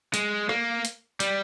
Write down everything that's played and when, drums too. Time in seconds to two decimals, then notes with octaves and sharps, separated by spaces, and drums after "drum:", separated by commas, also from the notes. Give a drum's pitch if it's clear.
0.14 G#3, drum: hi-hat
0.49 A#3, drum: rim click
0.85 drum: hi-hat
1.20 G3, drum: hi-hat